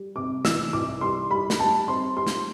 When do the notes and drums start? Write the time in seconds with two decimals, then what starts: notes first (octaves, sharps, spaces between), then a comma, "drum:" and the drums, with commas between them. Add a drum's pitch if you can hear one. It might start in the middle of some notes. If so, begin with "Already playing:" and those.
Already playing: G3
0.16 C3 D6
0.45 E3 E6, drum: snare
0.73 C2 D6
1.01 G3 C6
1.31 G3 B5
1.50 drum: snare
1.59 G3 A5
1.88 C4 C6
2.17 G3 C6
2.27 drum: snare